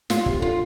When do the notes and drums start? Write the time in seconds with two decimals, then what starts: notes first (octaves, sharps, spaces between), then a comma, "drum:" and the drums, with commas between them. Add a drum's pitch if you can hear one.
0.10 A#2 F4, drum: snare
0.26 C3, drum: kick
0.39 D3 F4